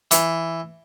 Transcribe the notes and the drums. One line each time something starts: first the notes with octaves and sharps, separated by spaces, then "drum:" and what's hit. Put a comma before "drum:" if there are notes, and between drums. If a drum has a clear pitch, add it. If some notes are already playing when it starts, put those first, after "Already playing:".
E3, drum: hi-hat